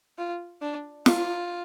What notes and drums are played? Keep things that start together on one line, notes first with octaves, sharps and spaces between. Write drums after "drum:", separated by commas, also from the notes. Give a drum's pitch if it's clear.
F4
D4
F4, drum: snare